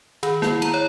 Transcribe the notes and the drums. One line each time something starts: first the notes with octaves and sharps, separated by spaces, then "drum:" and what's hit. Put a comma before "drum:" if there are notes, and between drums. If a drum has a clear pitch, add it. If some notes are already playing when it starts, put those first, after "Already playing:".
D#3, drum: cymbal
E4, drum: snare
A#5, drum: cymbal
C#5